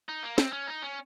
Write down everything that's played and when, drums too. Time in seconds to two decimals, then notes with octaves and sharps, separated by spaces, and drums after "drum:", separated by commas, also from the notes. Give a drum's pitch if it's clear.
0.09 D#4
0.23 A#3
0.38 C4, drum: snare
0.53 C#4
0.67 D#4
0.82 C#4